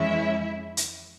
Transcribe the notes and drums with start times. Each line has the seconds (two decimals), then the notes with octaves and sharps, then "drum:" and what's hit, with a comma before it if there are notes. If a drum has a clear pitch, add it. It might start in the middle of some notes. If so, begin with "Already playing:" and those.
Already playing: F2 E3 G#3 C#4 E4 E5
0.77 drum: hi-hat